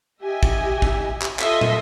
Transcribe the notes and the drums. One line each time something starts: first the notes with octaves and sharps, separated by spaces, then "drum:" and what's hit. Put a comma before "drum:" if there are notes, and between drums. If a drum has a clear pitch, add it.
G4 D#5 E5 G#5
drum: kick
drum: kick
drum: clap
F4 A4 D#5 E5 C6, drum: clap
drum: tom